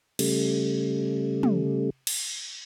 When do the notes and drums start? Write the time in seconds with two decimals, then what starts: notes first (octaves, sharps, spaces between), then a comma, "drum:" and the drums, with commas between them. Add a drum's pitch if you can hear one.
0.19 C#3 G3 A3, drum: cymbal
1.43 drum: tom
2.07 drum: cymbal